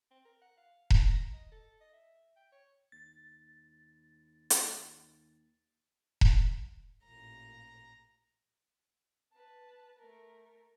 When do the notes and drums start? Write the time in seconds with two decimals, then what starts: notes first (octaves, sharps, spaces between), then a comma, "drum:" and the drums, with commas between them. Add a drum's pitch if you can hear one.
0.11 C4
0.25 A#4
0.42 F#5
0.58 F5
0.90 A#4, drum: kick E1
1.08 A#5
1.34 D#5
1.52 A4
1.81 D#5
1.94 E5
2.37 G5
2.52 C#5
2.92 D#2 A6
4.50 drum: hi-hat
6.21 drum: kick E1
7.04 A1 A#2 A#5
9.32 B4 A5
9.99 A3 A#4